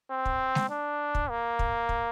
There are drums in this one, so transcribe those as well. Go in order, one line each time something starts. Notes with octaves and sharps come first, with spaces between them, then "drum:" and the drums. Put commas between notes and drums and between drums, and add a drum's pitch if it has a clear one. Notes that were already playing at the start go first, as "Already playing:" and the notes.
C4
drum: kick
drum: snare G#3
D4
drum: kick
A#3
drum: kick
drum: kick